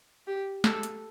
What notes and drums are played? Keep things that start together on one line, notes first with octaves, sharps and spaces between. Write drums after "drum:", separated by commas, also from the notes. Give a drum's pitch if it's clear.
G4
A4, drum: snare
drum: hi-hat